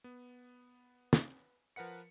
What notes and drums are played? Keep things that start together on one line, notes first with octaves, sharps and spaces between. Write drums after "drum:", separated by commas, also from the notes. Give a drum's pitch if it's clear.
B3
drum: snare
F3 A#4 B4 F#5 C#7